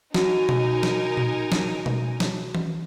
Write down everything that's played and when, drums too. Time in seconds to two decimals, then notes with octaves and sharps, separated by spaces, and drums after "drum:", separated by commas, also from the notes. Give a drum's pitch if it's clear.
0.14 D#4 F#4 A#4 G#5, drum: snare
0.49 drum: tom B2
0.83 drum: snare
1.17 drum: tom A#2
1.52 drum: snare
1.86 drum: tom B2
2.20 drum: snare
2.55 drum: tom E3